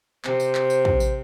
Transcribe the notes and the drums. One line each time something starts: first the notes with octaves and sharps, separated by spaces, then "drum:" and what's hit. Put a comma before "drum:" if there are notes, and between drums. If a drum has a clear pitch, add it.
C3 C5, drum: clap
drum: tambourine
drum: clap
drum: tambourine
drum: kick
drum: tambourine